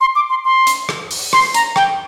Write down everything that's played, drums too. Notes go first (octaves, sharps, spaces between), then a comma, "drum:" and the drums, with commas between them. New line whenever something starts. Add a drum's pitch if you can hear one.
C6
D6
C6
C6
drum: hi-hat
drum: rim click
drum: open hi-hat
C6, drum: rim click
A#5, drum: hi-hat
G5, drum: rim click